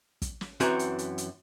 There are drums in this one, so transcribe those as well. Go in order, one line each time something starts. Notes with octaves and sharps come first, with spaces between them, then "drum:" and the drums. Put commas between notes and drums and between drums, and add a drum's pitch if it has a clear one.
drum: kick, hi-hat
drum: snare
F#2 E3 C4 F#4 G#5 A#5, drum: hi-hat
drum: hi-hat
drum: hi-hat
drum: hi-hat